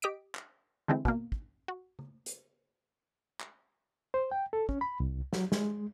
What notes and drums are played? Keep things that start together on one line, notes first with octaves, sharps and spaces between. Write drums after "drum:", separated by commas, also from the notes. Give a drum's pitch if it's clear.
G4 D#5 B6 D7
drum: clap
D3 E3 G#3 A3 C4 E4
B2 A#3, drum: kick
drum: kick
F#4
drum: tom
drum: hi-hat
drum: clap
C5
G5
A4
C#4, drum: kick
B5
C2
F#3, drum: snare
G#3, drum: snare